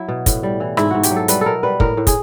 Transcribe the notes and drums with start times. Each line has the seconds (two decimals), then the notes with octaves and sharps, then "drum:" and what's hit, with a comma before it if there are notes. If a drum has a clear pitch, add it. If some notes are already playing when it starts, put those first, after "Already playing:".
Already playing: F#3 E4
0.09 B2
0.26 A2, drum: kick, hi-hat
0.43 G3
0.60 E3
0.77 G#2 E4, drum: rim click
0.90 G#2 F#4
1.03 G4, drum: hi-hat
1.11 F#3
1.16 A4
1.28 G3 B4, drum: hi-hat
1.41 B2 A4 A#4
1.63 G3 B4
1.80 A2 A#4, drum: kick
1.97 A2
2.07 G#4, drum: kick, hi-hat